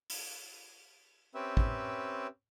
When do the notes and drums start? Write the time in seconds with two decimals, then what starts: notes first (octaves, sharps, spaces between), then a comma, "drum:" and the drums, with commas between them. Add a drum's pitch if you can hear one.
0.10 drum: open hi-hat
1.35 C4 C#4 G4 B4 E5
1.57 drum: kick